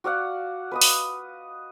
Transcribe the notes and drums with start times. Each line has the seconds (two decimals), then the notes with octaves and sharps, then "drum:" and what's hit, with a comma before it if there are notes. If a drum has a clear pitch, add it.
0.04 F#4 D5 F5 F#5
0.71 B4 D#5 D#6
0.81 drum: open hi-hat